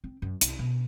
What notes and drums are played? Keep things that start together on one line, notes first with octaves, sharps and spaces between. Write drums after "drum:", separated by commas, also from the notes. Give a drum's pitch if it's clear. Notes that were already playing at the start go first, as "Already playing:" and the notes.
C4
F#2
C2, drum: hi-hat
B2